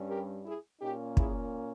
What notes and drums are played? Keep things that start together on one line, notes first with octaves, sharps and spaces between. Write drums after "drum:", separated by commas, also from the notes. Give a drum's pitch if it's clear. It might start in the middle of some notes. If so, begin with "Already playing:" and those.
Already playing: G2 G3 C#4
G4 A#4
E4 G#4
A#2 A#3 C#4 D#4 G4
E4 G#4, drum: kick